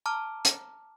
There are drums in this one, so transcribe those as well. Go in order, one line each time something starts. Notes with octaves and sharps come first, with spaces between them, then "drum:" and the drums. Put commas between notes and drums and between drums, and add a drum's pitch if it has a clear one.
A5 A#5 D6 F6
drum: hi-hat